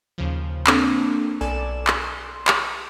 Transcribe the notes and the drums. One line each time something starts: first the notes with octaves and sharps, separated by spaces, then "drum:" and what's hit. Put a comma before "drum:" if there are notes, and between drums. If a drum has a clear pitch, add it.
D#2 C#3 F3
A#3 C4 D4 A4, drum: clap
B1 A4 D5 G#5 E7
drum: clap
C6
drum: clap